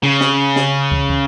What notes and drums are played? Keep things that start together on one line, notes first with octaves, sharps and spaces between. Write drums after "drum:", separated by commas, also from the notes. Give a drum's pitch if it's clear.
C#3
drum: snare
drum: snare
drum: kick
drum: kick